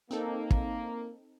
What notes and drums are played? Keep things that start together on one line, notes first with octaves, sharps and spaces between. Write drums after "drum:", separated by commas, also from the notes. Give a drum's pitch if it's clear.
A#3 C4 D#4 A4
drum: kick